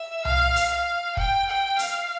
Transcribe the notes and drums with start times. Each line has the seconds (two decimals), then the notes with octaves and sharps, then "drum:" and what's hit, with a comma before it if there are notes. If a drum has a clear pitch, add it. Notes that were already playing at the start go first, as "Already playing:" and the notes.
Already playing: E5
0.25 F5, drum: tom C2
0.56 drum: hi-hat
0.71 F5
1.17 G5, drum: kick
1.48 G5
1.79 F5, drum: hi-hat